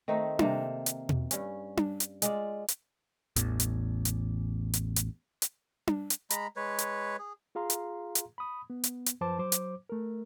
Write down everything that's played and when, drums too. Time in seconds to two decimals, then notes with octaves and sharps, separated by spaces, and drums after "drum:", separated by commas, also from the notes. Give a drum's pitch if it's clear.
0.08 D#3 A3 C4 D#4
0.39 C3 A#3 A4 C5, drum: tom D4
0.86 drum: hi-hat
1.09 drum: tom B2
1.31 G2 C#4, drum: hi-hat
1.77 drum: tom D4
2.00 drum: hi-hat
2.22 G#3 F4 D5, drum: hi-hat
2.68 drum: hi-hat
3.36 A1 E2, drum: hi-hat
3.60 drum: hi-hat
4.05 drum: hi-hat
4.74 drum: hi-hat
4.96 drum: hi-hat
5.42 drum: hi-hat
5.87 drum: tom D4
6.10 drum: hi-hat
6.30 G#3 A#5 B5, drum: hi-hat
6.56 G#3 B4 C#5
6.79 drum: hi-hat
7.19 G#4
7.55 F4 G#4 F5 A#5 C6
7.70 drum: hi-hat
8.15 drum: hi-hat
8.38 B5 D#6
8.70 B3
8.84 drum: hi-hat
9.06 drum: hi-hat
9.21 F#2 F3 B4 C5 A5 D6
9.39 F#3 C5 D6
9.52 drum: hi-hat
9.89 A3 A#4